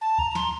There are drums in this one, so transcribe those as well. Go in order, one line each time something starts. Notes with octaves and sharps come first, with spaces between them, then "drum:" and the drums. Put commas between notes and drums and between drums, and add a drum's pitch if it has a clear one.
A5
A#5, drum: kick D2
A#5
C6, drum: snare